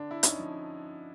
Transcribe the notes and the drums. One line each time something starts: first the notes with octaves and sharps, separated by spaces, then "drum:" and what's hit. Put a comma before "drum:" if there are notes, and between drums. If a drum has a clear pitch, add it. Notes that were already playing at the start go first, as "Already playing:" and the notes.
Already playing: D3 D4
E4
C#4 D#4, drum: hi-hat
F3